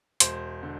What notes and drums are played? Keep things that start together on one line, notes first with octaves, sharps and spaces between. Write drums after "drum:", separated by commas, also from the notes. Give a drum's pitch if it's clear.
E1 C5, drum: hi-hat
D3